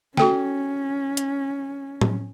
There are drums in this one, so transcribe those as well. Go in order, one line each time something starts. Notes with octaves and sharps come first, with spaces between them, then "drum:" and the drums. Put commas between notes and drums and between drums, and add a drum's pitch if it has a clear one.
C#4 F#4 A4 G5, drum: snare
drum: hi-hat
drum: tom A2